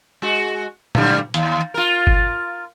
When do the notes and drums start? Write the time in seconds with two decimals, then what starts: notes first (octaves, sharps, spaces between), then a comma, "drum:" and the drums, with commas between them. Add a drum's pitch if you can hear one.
0.22 G#3 F#4
0.95 G#2 D3 G3, drum: tom
1.34 D#2, drum: hi-hat
1.74 F4 A#4
2.07 drum: kick G1